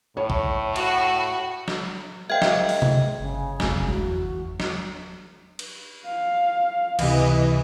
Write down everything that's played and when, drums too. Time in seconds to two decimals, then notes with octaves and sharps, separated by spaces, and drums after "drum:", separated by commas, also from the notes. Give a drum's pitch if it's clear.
0.17 A2 C#5
0.30 drum: kick B1
0.76 F#4, drum: cymbal
1.68 drum: snare
2.30 G#3 A#4 C5 E5 F5 G5 G#6
2.42 drum: snare
2.69 drum: open hi-hat
2.82 drum: tom C3
3.19 G1 C#3
3.60 F1 G#3, drum: snare
3.89 E2 F#4
4.60 drum: snare
5.59 drum: cymbal
6.05 F5
6.99 C#2 C3 E3 D#5, drum: cymbal